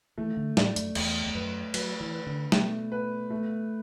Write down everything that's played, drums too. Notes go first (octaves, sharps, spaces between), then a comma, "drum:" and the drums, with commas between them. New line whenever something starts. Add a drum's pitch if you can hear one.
E3 A3
D3
A2 D5, drum: snare
F#2, drum: hi-hat
E2 A3, drum: cymbal
E2
F#2 B4
F#3 B4, drum: cymbal
E3
B4
D3
B2 A3, drum: snare
B4
A3